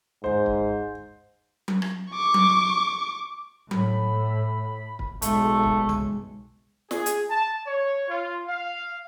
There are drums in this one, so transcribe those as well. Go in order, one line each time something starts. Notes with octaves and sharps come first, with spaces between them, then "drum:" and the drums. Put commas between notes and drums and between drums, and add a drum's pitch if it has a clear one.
G#2 C5
drum: kick
drum: tom F#3
drum: rim click
C#6 D6
drum: tom F#3
A2 B5, drum: tom F#3
drum: kick
B1 G#3 A3, drum: hi-hat
drum: kick
drum: tom B1
G#4, drum: snare
drum: hi-hat
A5
C#5
F4
F5